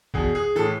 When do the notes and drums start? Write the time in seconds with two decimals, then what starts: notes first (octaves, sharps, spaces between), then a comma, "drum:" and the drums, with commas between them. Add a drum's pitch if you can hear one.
0.14 E2 B2 G#4, drum: kick G#1
0.35 G#4
0.55 A2 E3 A4